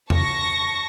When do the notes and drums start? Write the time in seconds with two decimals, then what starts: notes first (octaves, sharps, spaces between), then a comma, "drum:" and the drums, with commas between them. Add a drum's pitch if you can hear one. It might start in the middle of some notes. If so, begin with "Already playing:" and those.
0.10 A5 C#6 A#6, drum: tom E2